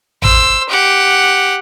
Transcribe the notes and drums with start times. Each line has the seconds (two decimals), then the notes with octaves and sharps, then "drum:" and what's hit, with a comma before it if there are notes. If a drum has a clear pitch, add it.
0.22 C5 E6, drum: tom A1
0.69 G4 F#5